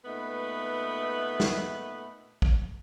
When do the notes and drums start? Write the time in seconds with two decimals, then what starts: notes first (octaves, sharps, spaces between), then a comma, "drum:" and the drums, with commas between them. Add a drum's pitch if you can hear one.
0.05 A#2 A3 B3 D#4 B4
1.40 drum: snare
2.42 drum: kick